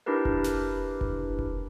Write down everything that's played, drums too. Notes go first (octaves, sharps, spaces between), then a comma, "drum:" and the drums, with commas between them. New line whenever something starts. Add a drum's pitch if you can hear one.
D4 E4 G4 A#4 B4
drum: kick F1
drum: snare
drum: kick F1
drum: kick F1